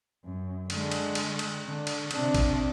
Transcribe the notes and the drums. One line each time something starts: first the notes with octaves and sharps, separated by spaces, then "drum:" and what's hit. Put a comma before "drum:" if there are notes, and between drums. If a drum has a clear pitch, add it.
F#2
D3 G#3, drum: cymbal
drum: cymbal
drum: cymbal
drum: cymbal
D3
drum: cymbal
C3 D4, drum: cymbal
drum: kick, cymbal